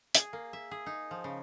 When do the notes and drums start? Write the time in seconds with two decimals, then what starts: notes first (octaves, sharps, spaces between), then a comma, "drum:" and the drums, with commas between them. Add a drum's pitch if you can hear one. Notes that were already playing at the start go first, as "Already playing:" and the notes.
0.15 G#4, drum: hi-hat
0.33 A#3
0.53 E5
0.71 G#4
0.86 D#4
1.11 F3
1.24 C#3